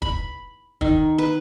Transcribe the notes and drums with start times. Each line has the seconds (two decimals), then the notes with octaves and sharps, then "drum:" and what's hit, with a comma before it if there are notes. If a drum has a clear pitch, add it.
0.02 B5, drum: kick
0.81 D#3, drum: kick
1.18 B4